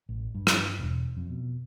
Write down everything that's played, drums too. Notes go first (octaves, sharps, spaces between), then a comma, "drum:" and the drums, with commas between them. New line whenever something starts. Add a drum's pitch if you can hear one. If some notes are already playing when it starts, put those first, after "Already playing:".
A1
G2
drum: rim click
E1
F2
B2